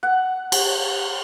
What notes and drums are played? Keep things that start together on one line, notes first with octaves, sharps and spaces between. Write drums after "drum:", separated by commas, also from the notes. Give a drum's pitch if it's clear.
F#5
drum: cymbal